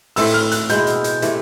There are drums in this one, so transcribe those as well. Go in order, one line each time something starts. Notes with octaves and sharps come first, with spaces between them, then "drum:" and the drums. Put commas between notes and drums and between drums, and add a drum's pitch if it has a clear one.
A2 E3 A3 C4 E6, drum: open hi-hat
F6
F#6, drum: hi-hat
B2 G#3 B3 E4 G6, drum: hi-hat
drum: hi-hat
drum: hi-hat
C3 E3 A3, drum: hi-hat